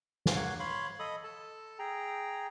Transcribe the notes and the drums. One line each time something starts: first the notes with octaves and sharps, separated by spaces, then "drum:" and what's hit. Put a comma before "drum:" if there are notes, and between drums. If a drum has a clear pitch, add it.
drum: snare
A#3 C#5 F5 F#5
C#5 F5 B5 C6
A4 D#5 B5 D#6
A4 A5
G#4 G5 A#5